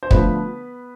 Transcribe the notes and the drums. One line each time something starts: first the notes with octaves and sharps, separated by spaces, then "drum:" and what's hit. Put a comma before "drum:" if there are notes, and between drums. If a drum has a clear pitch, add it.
C5
D3 F3 A3 B3 B4, drum: kick